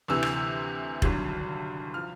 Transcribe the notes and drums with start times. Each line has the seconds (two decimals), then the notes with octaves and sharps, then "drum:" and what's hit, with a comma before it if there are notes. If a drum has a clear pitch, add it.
0.08 D2 C3 E3 E6
0.23 drum: rim click
1.02 G#1 G2 D3 F#3, drum: kick F1
1.94 F3 F6